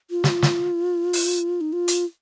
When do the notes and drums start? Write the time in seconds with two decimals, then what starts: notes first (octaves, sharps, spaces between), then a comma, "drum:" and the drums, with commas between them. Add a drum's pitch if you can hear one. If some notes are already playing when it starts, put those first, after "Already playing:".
0.11 F4
0.24 G4, drum: snare
0.28 F4
0.42 drum: snare
1.13 drum: open hi-hat
1.61 D#4
1.73 F4
1.88 drum: hi-hat